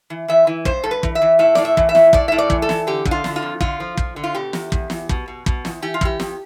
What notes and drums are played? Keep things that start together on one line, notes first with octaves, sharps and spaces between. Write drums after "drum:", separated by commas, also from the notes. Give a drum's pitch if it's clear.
E3
E3 E5
E3
G2 C5, drum: kick
G2 A4
B4
E3, drum: kick
E5
E3
A2 E5
A2 D5, drum: snare
E5
E3, drum: kick
E5
A2, drum: snare
A2 D5, drum: kick
A2 E5
D5
E3, drum: kick
A4
E3, drum: snare
D3 G4
D3, drum: kick
F4
D3, drum: snare
F4
F2
D3 F4, drum: kick
F3
F3, drum: kick
D3
F4
B2 G4
E2, drum: snare
E2, drum: kick
E2, drum: snare
B2, drum: kick
B2
B2, drum: kick
E2, drum: snare
E3 G4
F4
E3 G4, drum: kick
F2, drum: snare